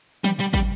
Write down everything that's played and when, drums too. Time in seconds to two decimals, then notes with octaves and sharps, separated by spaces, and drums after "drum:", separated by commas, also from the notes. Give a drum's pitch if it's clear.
0.24 G3, drum: tom
0.40 G3
0.54 G3, drum: kick